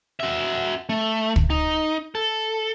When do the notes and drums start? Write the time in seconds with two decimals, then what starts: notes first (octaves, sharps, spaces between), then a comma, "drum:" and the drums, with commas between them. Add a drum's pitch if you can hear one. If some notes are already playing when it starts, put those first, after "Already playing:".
0.20 F#4 E5
0.89 A3
1.36 drum: kick
1.50 D#4
2.15 A4